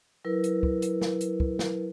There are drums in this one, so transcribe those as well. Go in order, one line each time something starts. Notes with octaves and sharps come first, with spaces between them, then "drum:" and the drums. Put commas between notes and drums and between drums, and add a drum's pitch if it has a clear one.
F#3 E4 A#4 B4
drum: hi-hat
drum: kick
drum: hi-hat
drum: snare
drum: hi-hat
drum: kick
drum: snare